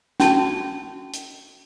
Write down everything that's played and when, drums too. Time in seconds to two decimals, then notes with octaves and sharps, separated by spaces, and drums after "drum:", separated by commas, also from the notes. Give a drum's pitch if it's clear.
0.20 C#4 F#4 A5, drum: snare
1.13 drum: hi-hat